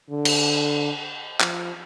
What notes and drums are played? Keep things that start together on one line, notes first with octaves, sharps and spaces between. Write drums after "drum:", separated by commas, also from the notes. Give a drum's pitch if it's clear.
D3
drum: cymbal
F3, drum: clap